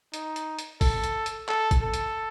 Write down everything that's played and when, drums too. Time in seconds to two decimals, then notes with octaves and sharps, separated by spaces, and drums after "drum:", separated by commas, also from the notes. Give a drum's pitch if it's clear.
0.14 D#4, drum: hi-hat
0.36 drum: hi-hat
0.59 drum: hi-hat
0.81 A4, drum: kick, open hi-hat
1.04 drum: hi-hat
1.26 drum: hi-hat
1.49 A4, drum: clap
1.71 drum: kick, hi-hat
1.82 A4
1.94 drum: hi-hat